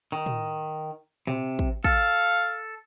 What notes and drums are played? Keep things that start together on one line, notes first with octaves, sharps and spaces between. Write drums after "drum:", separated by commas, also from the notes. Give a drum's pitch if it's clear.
D#3
drum: tom A2
C3, drum: tom A#2
drum: kick
A4 F5, drum: kick